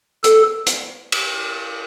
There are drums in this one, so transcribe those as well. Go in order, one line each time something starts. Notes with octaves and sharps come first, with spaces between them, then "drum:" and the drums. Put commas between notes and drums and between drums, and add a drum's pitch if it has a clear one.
A4, drum: hi-hat
drum: hi-hat
drum: cymbal